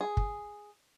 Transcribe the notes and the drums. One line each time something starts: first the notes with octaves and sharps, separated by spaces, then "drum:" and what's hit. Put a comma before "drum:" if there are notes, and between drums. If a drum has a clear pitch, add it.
G#4
drum: kick